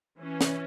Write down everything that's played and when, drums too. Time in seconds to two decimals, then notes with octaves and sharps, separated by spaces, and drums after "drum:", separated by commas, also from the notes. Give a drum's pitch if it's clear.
0.20 E3 C#4
0.41 drum: snare